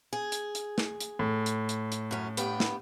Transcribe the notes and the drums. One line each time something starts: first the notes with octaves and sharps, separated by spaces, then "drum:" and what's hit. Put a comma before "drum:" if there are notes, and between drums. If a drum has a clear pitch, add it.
G#4
drum: hi-hat
drum: hi-hat
drum: snare
drum: hi-hat
A2
drum: hi-hat
drum: hi-hat
drum: hi-hat
F#2 C#4
G2 B3 G5, drum: hi-hat
drum: snare